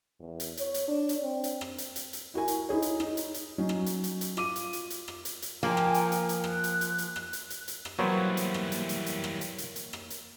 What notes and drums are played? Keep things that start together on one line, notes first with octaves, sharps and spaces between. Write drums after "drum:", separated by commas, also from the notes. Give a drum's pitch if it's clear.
E2
drum: hi-hat
C#5, drum: hi-hat
drum: hi-hat
D4
drum: hi-hat
C4
drum: hi-hat
drum: rim click
drum: hi-hat
drum: hi-hat
drum: hi-hat
E4 F#4 A#4 G#5
drum: hi-hat
D#4 E4 G#4 C#5
drum: hi-hat
D#4, drum: rim click
drum: hi-hat
drum: hi-hat
F#3 C#4 D#4
drum: rim click
drum: hi-hat
drum: hi-hat
drum: hi-hat
F4 D6 D#7, drum: rim click
drum: hi-hat
drum: hi-hat
drum: hi-hat
drum: rim click
drum: hi-hat
drum: hi-hat
F3 A#3 G5 G#5 A#5
drum: rim click
drum: hi-hat
drum: hi-hat
drum: hi-hat
F#6, drum: rim click
drum: hi-hat
drum: hi-hat
drum: hi-hat
drum: rim click
drum: hi-hat
drum: hi-hat
drum: hi-hat
drum: rim click
E3 F#3 G3 A#3 B3 C5 C#5
drum: hi-hat
drum: rim click
drum: hi-hat
drum: hi-hat
drum: hi-hat
drum: rim click
drum: hi-hat
drum: hi-hat
drum: hi-hat
drum: rim click
drum: hi-hat